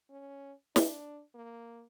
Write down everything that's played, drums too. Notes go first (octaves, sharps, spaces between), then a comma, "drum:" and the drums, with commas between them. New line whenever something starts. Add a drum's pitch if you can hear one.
C#4
D4, drum: snare
A#3